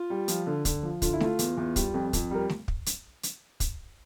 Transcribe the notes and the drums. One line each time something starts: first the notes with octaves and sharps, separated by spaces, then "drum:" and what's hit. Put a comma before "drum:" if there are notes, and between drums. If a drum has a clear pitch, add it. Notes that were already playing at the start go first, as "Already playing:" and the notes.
Already playing: F4
G3
F3, drum: hi-hat
D3
D3, drum: kick, hi-hat
F3
D3 F4, drum: kick, hi-hat
E4
A3 F4, drum: snare A3
E2, drum: hi-hat
E2
G3, drum: kick, hi-hat
F2
F2, drum: kick, hi-hat
G3 A#4
drum: snare A3
drum: kick
drum: hi-hat
drum: hi-hat
drum: kick, hi-hat